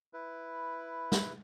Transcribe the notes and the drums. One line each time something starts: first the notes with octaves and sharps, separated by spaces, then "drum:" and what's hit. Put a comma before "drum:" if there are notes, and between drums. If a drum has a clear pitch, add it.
E4 B4
drum: snare